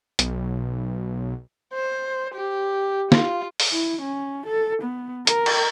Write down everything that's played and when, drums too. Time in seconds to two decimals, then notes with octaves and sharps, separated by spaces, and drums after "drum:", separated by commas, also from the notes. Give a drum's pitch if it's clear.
0.19 B1, drum: hi-hat
1.73 C5
2.34 G4
3.12 F4, drum: snare
3.60 drum: open hi-hat
3.72 E4
4.01 C#4
4.46 A4
4.82 B3
5.27 A#4, drum: hi-hat
5.46 drum: cymbal